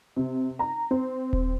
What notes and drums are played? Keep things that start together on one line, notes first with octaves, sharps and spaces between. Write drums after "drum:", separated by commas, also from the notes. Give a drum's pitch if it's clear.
C3
A#5
C4
drum: kick D#1